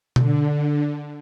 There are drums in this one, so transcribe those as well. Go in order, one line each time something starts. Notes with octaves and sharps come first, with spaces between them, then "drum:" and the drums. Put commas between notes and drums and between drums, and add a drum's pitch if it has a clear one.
D3, drum: tom B2